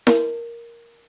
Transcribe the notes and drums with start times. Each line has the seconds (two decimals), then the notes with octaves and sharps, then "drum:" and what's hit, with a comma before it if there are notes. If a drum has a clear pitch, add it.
0.07 A#4, drum: snare E4